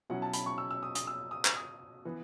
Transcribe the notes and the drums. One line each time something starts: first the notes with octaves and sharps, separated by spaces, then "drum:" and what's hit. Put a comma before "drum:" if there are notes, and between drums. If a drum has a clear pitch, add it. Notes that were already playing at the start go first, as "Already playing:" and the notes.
B2 F#3 C#4 E4 F#5
A5
B5, drum: hi-hat
C#6
E6
E6
D#6
D#6, drum: hi-hat
E6
D#6
drum: clap
D#6
E3 B3